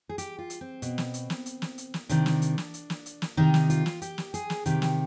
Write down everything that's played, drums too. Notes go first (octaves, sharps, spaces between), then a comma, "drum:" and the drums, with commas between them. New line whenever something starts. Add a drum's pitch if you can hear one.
G#4
G4, drum: hi-hat
F4
drum: hi-hat
C4
B2, drum: hi-hat
drum: snare
drum: hi-hat
drum: snare
drum: hi-hat
drum: snare
drum: hi-hat
drum: snare
C3 D#3 D4, drum: hi-hat
drum: snare
drum: hi-hat
drum: snare
drum: hi-hat
drum: snare
drum: hi-hat
drum: snare
C3 D#3 D#4
drum: snare
F4, drum: hi-hat
drum: snare
G4, drum: hi-hat
drum: snare
G#4, drum: hi-hat
drum: snare
C3 D#3 G4, drum: hi-hat
drum: snare